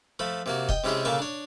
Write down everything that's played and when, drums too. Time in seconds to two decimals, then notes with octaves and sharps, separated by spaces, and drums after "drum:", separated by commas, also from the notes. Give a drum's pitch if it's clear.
0.19 F3 A3 B5
0.46 C3 A#3 F#4
0.69 D#5 G5, drum: kick E1
0.84 C3 G#3 C#4 E4 G4 G#4
1.05 A#2 C#3 A#3 A4 C#6 D6
1.19 D4 C#5